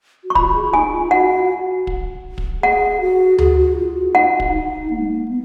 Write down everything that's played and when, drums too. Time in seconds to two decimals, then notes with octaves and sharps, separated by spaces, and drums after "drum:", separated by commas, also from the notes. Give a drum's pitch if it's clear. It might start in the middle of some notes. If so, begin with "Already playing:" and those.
0.24 F#4
0.30 C#6
0.35 F4 B5, drum: kick
0.49 F#4
0.54 G#4
0.73 D#4 G#5
0.92 F4
1.11 F#4 F#5
1.87 drum: kick
2.38 drum: kick
2.62 G#4 F#5
3.01 F#4
3.38 G#4, drum: tom D2
3.57 F#4
3.76 F4
3.95 F#4
4.14 D#4 F#5
4.40 drum: kick
4.53 D#4
4.90 A#3
4.99 G#3
5.08 A#3
5.28 B3